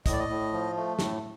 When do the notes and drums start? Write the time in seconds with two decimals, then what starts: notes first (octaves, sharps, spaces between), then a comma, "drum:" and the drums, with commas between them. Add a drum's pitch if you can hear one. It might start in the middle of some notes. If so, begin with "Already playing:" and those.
0.06 A2 D#5, drum: kick, hi-hat
0.12 D5
0.19 D#5
0.29 A2
0.53 F3
0.76 A3
0.99 A2, drum: snare